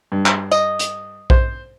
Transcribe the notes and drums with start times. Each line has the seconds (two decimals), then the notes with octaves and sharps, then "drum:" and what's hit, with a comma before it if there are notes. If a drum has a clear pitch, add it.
0.12 G2
0.26 drum: clap
0.51 D#5, drum: tambourine
0.79 drum: hi-hat
1.30 C5, drum: kick A#1